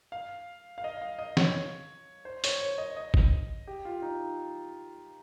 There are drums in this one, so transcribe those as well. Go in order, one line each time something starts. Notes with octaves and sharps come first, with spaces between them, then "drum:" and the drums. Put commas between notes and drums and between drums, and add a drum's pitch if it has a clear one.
F5
F5
D#5
F5
D#5
C#5, drum: snare
C5
C#5, drum: hi-hat
C#5
D#5
D#5
drum: kick
G4
F4
D#4